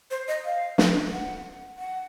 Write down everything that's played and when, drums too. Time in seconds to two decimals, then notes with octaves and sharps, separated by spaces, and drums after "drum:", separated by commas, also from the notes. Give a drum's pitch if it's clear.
0.11 C5
0.28 D#5
0.45 F5
0.78 drum: snare
1.12 F#5
1.79 F#5